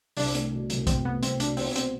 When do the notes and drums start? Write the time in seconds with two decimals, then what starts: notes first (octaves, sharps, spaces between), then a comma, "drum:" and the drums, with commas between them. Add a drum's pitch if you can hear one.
0.17 C2 D4, drum: open hi-hat
0.35 A3, drum: hi-hat
0.52 B2
0.70 C2, drum: hi-hat
0.87 C2 C4, drum: kick, hi-hat
1.05 A3 B3
1.23 C2 C4, drum: hi-hat
1.40 B2 D4, drum: hi-hat
1.57 B3 C4, drum: open hi-hat
1.76 C4, drum: hi-hat